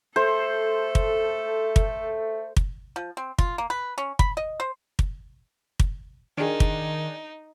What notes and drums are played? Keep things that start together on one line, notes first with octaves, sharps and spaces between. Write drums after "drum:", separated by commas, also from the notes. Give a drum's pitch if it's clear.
A3 A4 C5
drum: kick
drum: kick
drum: kick
F3
C4
F4, drum: kick
A#3
B4
C#4
B5, drum: kick
D#5
C5
drum: kick
drum: kick
D#3 D4 D#4 G#4
drum: kick